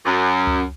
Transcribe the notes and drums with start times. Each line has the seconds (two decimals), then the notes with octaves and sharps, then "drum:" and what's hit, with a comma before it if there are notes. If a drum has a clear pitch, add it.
0.05 F#2
0.47 drum: tom C#2